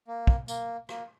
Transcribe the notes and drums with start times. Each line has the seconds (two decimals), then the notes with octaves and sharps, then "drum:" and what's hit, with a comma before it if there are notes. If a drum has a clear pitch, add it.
0.08 A#3
0.27 drum: kick
0.48 A#3, drum: tambourine
0.89 A#3, drum: rim click